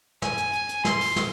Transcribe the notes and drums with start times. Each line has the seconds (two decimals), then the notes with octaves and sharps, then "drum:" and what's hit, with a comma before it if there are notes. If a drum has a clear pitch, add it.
0.22 G#5, drum: snare
0.37 drum: hi-hat
0.53 drum: hi-hat
0.69 drum: hi-hat
0.85 C6, drum: snare
1.00 drum: open hi-hat
1.16 drum: snare